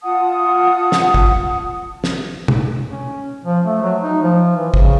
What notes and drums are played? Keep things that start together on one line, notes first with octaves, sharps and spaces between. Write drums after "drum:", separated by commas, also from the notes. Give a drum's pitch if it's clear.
F4 F#5 A5 D#6
drum: snare
drum: kick
drum: snare
drum: tom
C#4
F3
A3
F#3
D#4
F3
E3
C#3, drum: kick